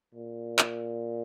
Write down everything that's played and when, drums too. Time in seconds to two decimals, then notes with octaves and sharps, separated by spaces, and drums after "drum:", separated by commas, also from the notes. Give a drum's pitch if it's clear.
0.14 A#2
0.59 drum: clap